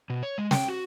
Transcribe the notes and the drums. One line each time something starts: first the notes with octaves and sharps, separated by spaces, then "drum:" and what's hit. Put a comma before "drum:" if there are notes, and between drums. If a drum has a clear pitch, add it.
B2
C#5
G#3
G5, drum: snare
F#4